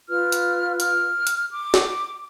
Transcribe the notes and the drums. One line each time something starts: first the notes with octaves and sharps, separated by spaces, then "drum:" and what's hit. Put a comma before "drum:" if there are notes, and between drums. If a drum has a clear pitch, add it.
F4 B4 F6
drum: hi-hat
F6, drum: hi-hat
drum: hi-hat
D6
drum: snare